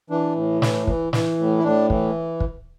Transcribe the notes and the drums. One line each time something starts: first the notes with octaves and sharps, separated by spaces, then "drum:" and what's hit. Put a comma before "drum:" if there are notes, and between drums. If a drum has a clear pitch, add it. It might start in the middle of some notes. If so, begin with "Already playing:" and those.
E3 D4
A2
E3, drum: snare
E3, drum: kick
E3, drum: snare
A2
E4
A2 D4
E3, drum: kick
drum: kick